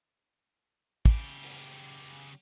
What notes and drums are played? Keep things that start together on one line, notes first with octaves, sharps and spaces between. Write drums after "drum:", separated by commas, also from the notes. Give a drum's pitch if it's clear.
C#3 G4, drum: kick
drum: open hi-hat